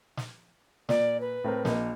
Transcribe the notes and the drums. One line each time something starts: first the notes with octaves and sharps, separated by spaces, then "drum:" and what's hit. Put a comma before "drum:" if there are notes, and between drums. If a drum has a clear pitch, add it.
drum: snare
A#2 D5, drum: snare
B4
A2 C4 A#4
A#1 A#3 D#5, drum: snare